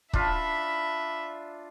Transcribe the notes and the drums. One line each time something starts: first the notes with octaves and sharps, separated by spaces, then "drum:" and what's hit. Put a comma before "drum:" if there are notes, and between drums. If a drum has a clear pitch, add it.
D4 F4 E5 B5, drum: kick